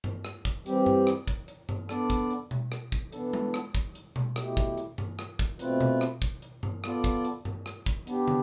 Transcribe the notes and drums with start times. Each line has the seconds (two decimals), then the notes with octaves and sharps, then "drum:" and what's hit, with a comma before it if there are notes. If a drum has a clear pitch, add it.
0.04 drum: tom G2
0.25 drum: rim click
0.45 drum: kick, hi-hat
0.66 E3 G3 C4 G4, drum: hi-hat
0.86 drum: tom G2
1.07 drum: rim click
1.28 drum: kick, hi-hat
1.48 drum: hi-hat
1.69 drum: tom G2
1.89 B3 D4 A4 D5, drum: rim click
2.10 drum: kick, hi-hat
2.30 drum: hi-hat
2.51 drum: tom B2
2.72 drum: rim click
2.92 drum: kick
3.12 E3 B3 D4 A4, drum: hi-hat
3.33 drum: tom G#3
3.54 drum: rim click
3.75 drum: kick, hi-hat
3.95 drum: hi-hat
4.16 drum: tom B2
4.36 B2 A3 E4 G4, drum: rim click
4.57 drum: kick, hi-hat
4.78 drum: hi-hat
4.98 drum: tom G2
5.19 drum: rim click
5.39 drum: kick, hi-hat
5.59 B2 A3 C4 F4 B4, drum: hi-hat
5.81 drum: tom B2
6.01 drum: rim click
6.22 drum: kick, hi-hat
6.42 drum: hi-hat
6.63 drum: tom G2
6.84 B3 F4 A4 D5, drum: rim click
7.04 drum: kick, hi-hat
7.25 drum: hi-hat
7.45 drum: tom G2
7.66 drum: rim click
7.86 drum: kick, hi-hat
8.07 B3 D4 G4, drum: hi-hat
8.28 drum: tom